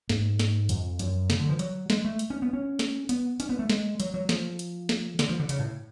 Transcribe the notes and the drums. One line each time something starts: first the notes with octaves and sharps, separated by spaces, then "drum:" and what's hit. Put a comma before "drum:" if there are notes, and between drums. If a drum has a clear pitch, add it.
G#2, drum: snare
drum: snare
F2, drum: hi-hat
F#2, drum: hi-hat
C#3, drum: snare
D3
F3
F#3, drum: hi-hat
G#3, drum: snare
A3
drum: hi-hat
C#4
B3
C#4
drum: snare
B3, drum: hi-hat
C#4, drum: hi-hat
B3
A3
G#3, drum: snare
F#3, drum: hi-hat
F#3
F3, drum: snare
drum: hi-hat
drum: snare
D3, drum: snare
F3
D3
C#3, drum: hi-hat
A2